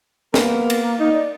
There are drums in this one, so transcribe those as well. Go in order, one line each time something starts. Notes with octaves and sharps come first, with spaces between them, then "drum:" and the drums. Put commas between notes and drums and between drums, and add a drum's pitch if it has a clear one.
A#3 B3 A#4, drum: snare
drum: cymbal
D#4
D5